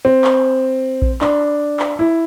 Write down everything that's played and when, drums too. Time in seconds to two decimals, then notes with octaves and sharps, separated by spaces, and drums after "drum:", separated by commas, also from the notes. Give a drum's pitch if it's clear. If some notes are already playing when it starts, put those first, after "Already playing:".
0.05 C4
0.24 drum: clap
1.02 drum: kick A#1
1.21 D4, drum: clap
1.79 drum: clap
1.99 E4